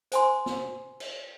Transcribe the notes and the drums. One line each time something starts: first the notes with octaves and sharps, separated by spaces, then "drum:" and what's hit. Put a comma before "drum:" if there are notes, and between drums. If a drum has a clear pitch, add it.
C5 G#5 C6, drum: hi-hat
drum: snare
drum: cymbal